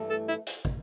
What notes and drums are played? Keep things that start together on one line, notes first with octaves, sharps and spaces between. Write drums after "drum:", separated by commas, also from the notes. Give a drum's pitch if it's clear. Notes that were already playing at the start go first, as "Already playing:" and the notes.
Already playing: G2 E3 A3
A4
E4
drum: hi-hat
drum: kick